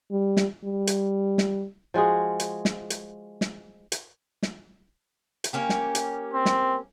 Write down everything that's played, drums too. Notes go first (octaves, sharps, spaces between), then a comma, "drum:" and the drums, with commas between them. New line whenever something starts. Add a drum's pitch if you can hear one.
G3
drum: snare
G3
drum: hi-hat
drum: snare
F3 G#3 F#4 G#4
drum: hi-hat
drum: snare
drum: hi-hat
drum: snare
drum: hi-hat
drum: snare
drum: hi-hat
A#3 C#4 G4
drum: snare
drum: hi-hat
C4
drum: snare